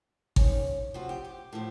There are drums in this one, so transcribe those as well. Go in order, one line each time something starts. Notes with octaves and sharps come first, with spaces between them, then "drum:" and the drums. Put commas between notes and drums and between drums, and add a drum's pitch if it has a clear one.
C3 D#3 C#4, drum: kick G#1
C3 F3 F#4
G4
G4
A2 F3